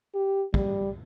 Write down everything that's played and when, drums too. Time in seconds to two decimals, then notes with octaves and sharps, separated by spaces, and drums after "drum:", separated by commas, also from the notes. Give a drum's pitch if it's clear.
0.15 G4
0.54 G3, drum: kick